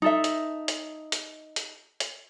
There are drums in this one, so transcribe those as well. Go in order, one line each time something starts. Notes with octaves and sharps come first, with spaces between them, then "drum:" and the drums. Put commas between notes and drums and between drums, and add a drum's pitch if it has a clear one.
D#4 A4 E5
drum: hi-hat
drum: hi-hat
drum: hi-hat
drum: hi-hat
drum: hi-hat